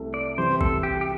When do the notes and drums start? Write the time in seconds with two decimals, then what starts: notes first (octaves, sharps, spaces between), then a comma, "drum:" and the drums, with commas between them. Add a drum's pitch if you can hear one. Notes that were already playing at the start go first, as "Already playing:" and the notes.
Already playing: C2 C3 A3
0.14 D5
0.37 C3 E3 G3 C5
0.61 A4, drum: kick
0.83 G4
1.01 G4